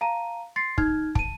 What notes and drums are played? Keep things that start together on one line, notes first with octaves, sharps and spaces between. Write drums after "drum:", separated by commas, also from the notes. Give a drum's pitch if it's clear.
F5 A5 A#5 D#7
C6 A6 C7 C#7
D#4 F6 G#6, drum: kick
A5 D#7, drum: kick